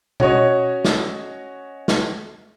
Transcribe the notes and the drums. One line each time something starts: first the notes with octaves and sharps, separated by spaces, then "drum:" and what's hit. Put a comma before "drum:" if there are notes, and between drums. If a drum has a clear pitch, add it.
C#4 F#4 C#5 D#5, drum: tom
drum: snare
drum: snare